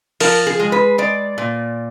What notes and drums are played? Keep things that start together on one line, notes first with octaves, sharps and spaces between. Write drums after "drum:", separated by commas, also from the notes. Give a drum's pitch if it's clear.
F3 A#4, drum: open hi-hat
G#4
G#3
B4
G#3 D5
A#2